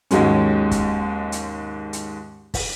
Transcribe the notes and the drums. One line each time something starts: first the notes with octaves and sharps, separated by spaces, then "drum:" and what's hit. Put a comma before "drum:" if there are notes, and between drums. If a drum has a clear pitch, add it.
D#2 G#2 F#3 G#3 C#4, drum: hi-hat
drum: kick, hi-hat
drum: hi-hat
drum: hi-hat
drum: kick, open hi-hat